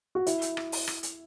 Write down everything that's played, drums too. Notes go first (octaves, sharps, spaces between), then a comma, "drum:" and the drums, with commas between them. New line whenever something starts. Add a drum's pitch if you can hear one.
F#4
E4, drum: hi-hat
drum: hi-hat
drum: rim click
drum: open hi-hat
drum: rim click
drum: hi-hat